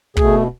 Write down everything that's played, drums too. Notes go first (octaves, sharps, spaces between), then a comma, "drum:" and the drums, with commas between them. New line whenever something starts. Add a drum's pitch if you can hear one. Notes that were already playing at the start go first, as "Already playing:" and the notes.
B2 A3 G#4, drum: kick